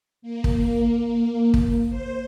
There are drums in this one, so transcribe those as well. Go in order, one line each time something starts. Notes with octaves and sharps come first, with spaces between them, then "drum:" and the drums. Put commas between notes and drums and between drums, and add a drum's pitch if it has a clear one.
A#3
drum: kick
drum: kick
C5